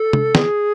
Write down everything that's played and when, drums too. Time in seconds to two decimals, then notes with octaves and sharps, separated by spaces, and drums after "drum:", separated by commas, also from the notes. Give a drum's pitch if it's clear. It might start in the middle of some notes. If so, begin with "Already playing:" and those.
Already playing: A4
0.13 drum: tom C3
0.35 G#4, drum: snare